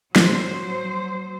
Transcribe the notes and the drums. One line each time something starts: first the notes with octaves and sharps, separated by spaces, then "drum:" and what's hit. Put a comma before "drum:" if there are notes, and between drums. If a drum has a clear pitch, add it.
F#3 C5, drum: snare